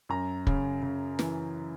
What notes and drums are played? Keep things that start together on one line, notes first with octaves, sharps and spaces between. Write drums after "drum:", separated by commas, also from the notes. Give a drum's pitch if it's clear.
F#2 A#5
C#3, drum: kick
C#3
E3, drum: snare